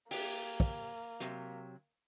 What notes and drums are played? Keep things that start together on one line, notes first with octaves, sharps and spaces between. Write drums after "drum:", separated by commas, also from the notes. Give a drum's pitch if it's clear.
A#3 G4, drum: open hi-hat
drum: kick
C3 F#3, drum: hi-hat